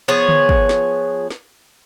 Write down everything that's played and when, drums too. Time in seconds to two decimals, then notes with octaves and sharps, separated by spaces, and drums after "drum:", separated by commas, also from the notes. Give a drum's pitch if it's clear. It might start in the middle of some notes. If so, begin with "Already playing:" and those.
0.08 F3 B3 G#4 C#5
0.29 drum: tom D3
0.49 drum: kick
0.69 drum: snare
1.30 drum: snare